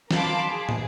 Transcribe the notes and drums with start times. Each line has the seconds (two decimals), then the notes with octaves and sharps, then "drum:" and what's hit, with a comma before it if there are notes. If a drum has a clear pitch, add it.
0.11 A#4 F5 A5 B5 C6 D6, drum: snare
0.47 G#4
0.69 drum: tom